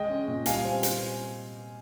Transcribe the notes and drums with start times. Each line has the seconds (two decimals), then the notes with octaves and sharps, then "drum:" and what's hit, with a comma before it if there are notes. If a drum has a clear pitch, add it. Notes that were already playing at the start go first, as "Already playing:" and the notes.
Already playing: G#3 D#5 G5
0.10 C#4
0.28 A#2
0.46 G3 F5 G#5, drum: hi-hat
0.64 C4
0.83 drum: hi-hat